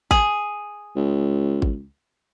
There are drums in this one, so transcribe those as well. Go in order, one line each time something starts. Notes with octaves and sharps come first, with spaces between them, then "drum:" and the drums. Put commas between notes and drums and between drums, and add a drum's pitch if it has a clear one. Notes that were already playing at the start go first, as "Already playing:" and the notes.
G#4, drum: kick G#1
C#2
drum: kick G#1